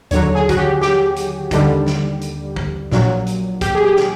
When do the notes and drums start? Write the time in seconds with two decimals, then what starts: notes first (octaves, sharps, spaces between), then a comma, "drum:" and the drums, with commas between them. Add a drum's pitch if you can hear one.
0.11 D#2 D3 F#3 C#5, drum: hi-hat
0.35 G#4
0.49 F#4, drum: kick, hi-hat
0.58 G4
0.81 G4, drum: snare
1.16 drum: hi-hat
1.51 D#2 D3 G3, drum: kick, hi-hat
1.86 drum: snare
2.21 drum: hi-hat
2.56 drum: kick
2.92 A#1 A#2 F#3, drum: snare
3.27 drum: hi-hat
3.61 G4, drum: kick, hi-hat
3.75 G#4
3.85 G4
3.97 drum: snare